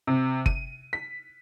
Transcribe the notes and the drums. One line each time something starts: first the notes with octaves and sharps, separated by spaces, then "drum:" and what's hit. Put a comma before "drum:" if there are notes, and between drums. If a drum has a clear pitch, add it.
C3
D#7, drum: kick G1
B6